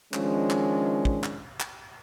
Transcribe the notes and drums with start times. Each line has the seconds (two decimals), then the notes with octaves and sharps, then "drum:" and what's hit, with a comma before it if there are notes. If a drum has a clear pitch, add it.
0.14 D#3 F3 G#3 C#4 D4, drum: clap
0.50 drum: clap
1.05 drum: kick
1.24 drum: clap
1.60 drum: clap